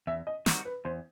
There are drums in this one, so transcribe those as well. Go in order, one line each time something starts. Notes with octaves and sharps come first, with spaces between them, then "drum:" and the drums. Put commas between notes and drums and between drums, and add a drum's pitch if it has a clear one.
E2 E5
D#5
D#3 G3 C4 F#4, drum: snare
B4
E2 C5